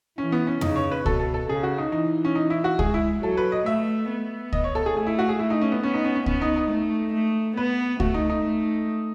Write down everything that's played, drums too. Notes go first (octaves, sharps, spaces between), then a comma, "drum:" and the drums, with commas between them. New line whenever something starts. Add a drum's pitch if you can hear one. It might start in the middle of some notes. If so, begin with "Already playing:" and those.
E3 C#4
B3
C#4
C#3 D#4, drum: tom
C#5
B4
B2 A4, drum: kick C#2
A4
A4
C#3 G#4
F#4
D#4
E3 D#4
C#4
D#4
E4
F#4
G#3 G#4, drum: kick C#2
E4
F#3 A4
B4
D#5
A3 E5
B3
D#5, drum: kick C#2
C#5
A4
G#4
A3 G#4
E4
F#4
G#4
A3 E4
D#4
C#4
B3
B3 C#4
D#4
C#4
C#4
B3 C#4, drum: kick C#2
D#4
D#4
A3
A3
B3 B4
A3 F#4, drum: kick C#2
D#4
D#4
A3